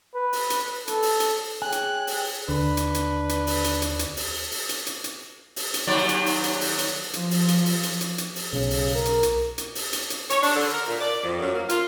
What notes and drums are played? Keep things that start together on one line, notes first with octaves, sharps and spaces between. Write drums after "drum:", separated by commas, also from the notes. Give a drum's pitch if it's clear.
B4
drum: open hi-hat
drum: hi-hat
A4, drum: hi-hat
drum: open hi-hat
drum: hi-hat
G#4 C#5 G5 G#5 F#6
drum: hi-hat
drum: open hi-hat
D#2 D3 D4 B4
drum: hi-hat
drum: hi-hat
drum: hi-hat
drum: open hi-hat
drum: hi-hat
drum: hi-hat
drum: hi-hat
drum: open hi-hat
drum: open hi-hat
drum: hi-hat
drum: hi-hat
drum: hi-hat
drum: open hi-hat
drum: hi-hat
D#2 F#3 D5
drum: hi-hat
drum: open hi-hat
drum: hi-hat
drum: open hi-hat
drum: hi-hat
F3, drum: hi-hat
drum: open hi-hat
drum: hi-hat
drum: open hi-hat
drum: hi-hat
drum: hi-hat
drum: hi-hat
drum: open hi-hat
B1 C#3
drum: open hi-hat
A#4
drum: hi-hat
drum: hi-hat
drum: hi-hat
drum: open hi-hat
drum: hi-hat
drum: hi-hat
C#5, drum: hi-hat
D4, drum: open hi-hat
D3
A#4
A#2
D5
F2
F#2
A#3
F4, drum: hi-hat